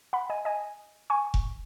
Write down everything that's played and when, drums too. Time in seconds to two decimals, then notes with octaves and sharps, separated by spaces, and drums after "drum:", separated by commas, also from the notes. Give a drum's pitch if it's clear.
0.13 F#5 B5
0.30 D#5 G#5
0.45 D#5 G#5
1.10 G#5 C#6
1.34 drum: kick F1